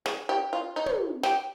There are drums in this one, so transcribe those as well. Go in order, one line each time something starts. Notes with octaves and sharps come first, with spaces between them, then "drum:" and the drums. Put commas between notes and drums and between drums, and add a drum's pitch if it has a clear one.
G#4, drum: snare
G4
F4
D#4
drum: tom
G4, drum: snare